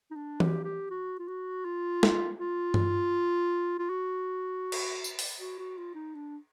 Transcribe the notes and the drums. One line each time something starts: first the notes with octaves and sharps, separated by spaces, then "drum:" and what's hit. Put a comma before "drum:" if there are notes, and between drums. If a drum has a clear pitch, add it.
D#4
D4
G4, drum: tom E3
G4
F#4
F4
F#4
F4
drum: snare
F4
drum: tom G2
F4
F#4
drum: cymbal
drum: tambourine
drum: open hi-hat
F#4
F#4
F4
D#4
D4